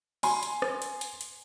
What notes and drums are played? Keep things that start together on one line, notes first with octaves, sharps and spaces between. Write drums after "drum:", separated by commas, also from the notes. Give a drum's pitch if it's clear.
G#5 C6, drum: open hi-hat
drum: hi-hat
drum: rim click
drum: hi-hat
drum: hi-hat
drum: hi-hat